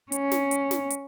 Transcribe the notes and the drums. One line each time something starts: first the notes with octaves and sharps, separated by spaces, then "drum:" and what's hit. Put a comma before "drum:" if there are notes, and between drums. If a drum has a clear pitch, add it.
C#4, drum: hi-hat
drum: snare
drum: hi-hat
drum: snare
drum: hi-hat